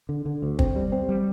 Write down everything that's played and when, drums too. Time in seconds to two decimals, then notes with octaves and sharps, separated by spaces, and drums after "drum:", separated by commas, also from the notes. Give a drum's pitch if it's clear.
0.09 D3
0.26 D3
0.42 D2
0.59 C4, drum: kick
0.76 G3
0.92 C4
1.09 G3